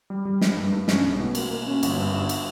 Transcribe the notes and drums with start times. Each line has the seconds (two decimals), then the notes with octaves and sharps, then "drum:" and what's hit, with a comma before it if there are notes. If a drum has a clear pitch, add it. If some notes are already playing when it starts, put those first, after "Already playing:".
0.10 G3
0.25 G3
0.41 G3, drum: snare
0.56 G2
0.72 G2
0.88 C#4, drum: snare
1.04 B1
1.20 B2
1.35 A#3, drum: cymbal
1.51 A#3
1.67 C#4
1.83 G1, drum: cymbal
1.98 G2
2.14 G1
2.29 drum: cymbal